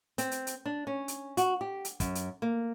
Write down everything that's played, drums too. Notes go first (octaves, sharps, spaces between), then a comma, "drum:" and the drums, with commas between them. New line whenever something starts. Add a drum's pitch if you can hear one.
C4, drum: hi-hat
drum: hi-hat
drum: hi-hat
D4
C#4
drum: hi-hat
F#4, drum: hi-hat
G4
drum: hi-hat
F#2, drum: kick, hi-hat
drum: hi-hat
A#3